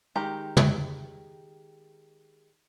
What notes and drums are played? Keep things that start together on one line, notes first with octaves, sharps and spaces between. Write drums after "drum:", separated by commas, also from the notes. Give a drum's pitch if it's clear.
D#3 G#3 G4 A#5
drum: tom